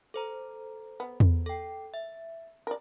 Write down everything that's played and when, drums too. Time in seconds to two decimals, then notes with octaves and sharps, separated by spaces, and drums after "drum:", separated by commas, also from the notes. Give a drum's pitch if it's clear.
0.14 A4 C5 A#5
1.00 B3
1.20 drum: tom E2
1.46 A4 G5
1.94 E5
2.67 A#4 D5